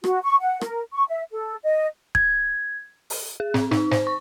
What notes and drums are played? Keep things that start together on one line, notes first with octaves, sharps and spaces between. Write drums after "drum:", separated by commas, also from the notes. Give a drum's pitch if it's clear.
F#4, drum: rim click
C#6
F#5
A#4, drum: rim click
C#6
E5
A4
D#5
G#6, drum: kick
drum: open hi-hat
G#4
C4, drum: snare
D#4, drum: snare
C5, drum: snare
C#6